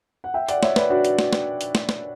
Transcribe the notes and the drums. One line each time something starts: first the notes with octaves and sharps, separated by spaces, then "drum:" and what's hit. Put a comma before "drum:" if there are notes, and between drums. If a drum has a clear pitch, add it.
F#5
E5 G5
D5 F#5, drum: hi-hat
C#5 E5, drum: snare
B4 D5, drum: snare
D4 F#4
drum: hi-hat
drum: snare
drum: snare
drum: hi-hat
drum: snare
drum: snare